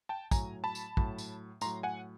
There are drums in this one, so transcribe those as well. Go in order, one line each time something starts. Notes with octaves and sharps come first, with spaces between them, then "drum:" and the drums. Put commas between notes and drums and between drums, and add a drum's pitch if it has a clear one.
G5 A5
A2 F#3 G#5 A#5, drum: kick, tambourine
A5 B5
drum: tambourine
A2 F#3, drum: kick
drum: tambourine
A2 F#3 A#5 C6, drum: tambourine
F#5 G#5